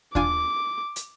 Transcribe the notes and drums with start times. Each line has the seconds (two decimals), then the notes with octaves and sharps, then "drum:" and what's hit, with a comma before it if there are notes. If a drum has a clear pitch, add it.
0.15 D4 F4 G#5 D6, drum: kick D#2
0.96 drum: hi-hat